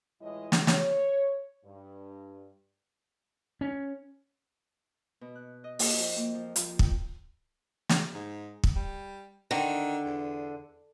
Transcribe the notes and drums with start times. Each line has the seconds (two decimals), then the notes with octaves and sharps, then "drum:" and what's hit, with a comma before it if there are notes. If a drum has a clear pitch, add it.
0.21 A2 E3 G#3 E4 F4 D#5
0.52 drum: snare
0.67 C#5, drum: snare
1.65 G2
3.61 C#4
5.21 B2
5.35 F#6
5.64 D#5
5.79 A#3, drum: open hi-hat
5.96 F2
6.18 A#3
6.34 F3
6.56 F3, drum: hi-hat
6.79 G5, drum: kick
7.89 drum: snare
8.14 G#2
8.64 drum: kick
8.76 G3
9.51 D3 D#3
10.06 E2